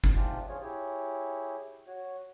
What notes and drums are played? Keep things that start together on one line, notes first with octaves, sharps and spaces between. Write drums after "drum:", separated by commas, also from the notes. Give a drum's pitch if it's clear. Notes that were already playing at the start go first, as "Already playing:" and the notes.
drum: kick G1
G#2 C3 G#3 D4 F4 G4
F3 F4 G#4 C#5
E4 G4 G#4 C#5
F#4 C#5